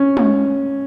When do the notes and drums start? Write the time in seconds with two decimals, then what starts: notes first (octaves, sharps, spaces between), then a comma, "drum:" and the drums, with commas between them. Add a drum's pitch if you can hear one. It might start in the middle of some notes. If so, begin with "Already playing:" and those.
Already playing: C#4
0.17 drum: tom G#3